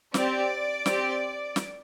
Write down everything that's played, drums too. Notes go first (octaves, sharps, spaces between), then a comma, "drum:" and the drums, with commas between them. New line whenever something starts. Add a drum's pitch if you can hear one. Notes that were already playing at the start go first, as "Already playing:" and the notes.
C4 G4 D5, drum: snare
C4 G4, drum: snare
drum: snare